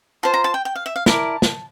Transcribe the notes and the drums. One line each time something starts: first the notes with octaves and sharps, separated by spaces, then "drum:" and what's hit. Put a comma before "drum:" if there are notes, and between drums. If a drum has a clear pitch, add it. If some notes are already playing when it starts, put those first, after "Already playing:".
F4 C5 A5
A#5
A5
G5
G5
F5
E5
F5
E4 A#4 D5 A5, drum: snare
drum: snare